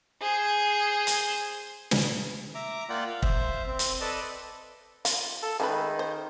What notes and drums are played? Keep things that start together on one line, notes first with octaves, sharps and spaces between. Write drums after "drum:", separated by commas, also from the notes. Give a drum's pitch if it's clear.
G#4 C5
drum: hi-hat
drum: snare
E5 A#5 D6
A#3 F4 D5 F#5 G5
F5
C5 E5, drum: kick
C4
drum: hi-hat
A4 B4 D5 D#5 A5
F4, drum: hi-hat
A4
D#3 G#3 A3 B4
C5